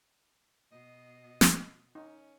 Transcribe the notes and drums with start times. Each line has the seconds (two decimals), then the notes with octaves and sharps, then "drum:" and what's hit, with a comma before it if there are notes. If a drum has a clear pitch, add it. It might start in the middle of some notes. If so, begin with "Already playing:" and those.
0.72 B2 D#5
1.41 drum: snare
1.95 C#4 D#4